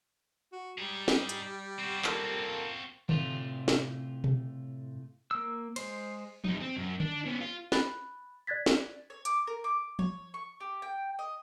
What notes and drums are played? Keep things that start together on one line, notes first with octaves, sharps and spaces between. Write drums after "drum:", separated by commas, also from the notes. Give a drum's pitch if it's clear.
F#4
G3 D#4 G#4
drum: snare
drum: hi-hat
C4 F#4
A#3 F4 A4, drum: clap
A2 C3 A3 F4, drum: tom D3
drum: snare
drum: tom B2
A#3 E6
G#3 C5, drum: cymbal
F2 D#4, drum: tom F3
C4
F#2
D4, drum: tom D3
B3 C#4
F4
B5 F#6 A6, drum: snare
D5 F#6 G#6 A6 B6
drum: snare
C#5
D6, drum: hi-hat
A#4
D6
C#5, drum: tom F3
C#6
G4
G5
D#5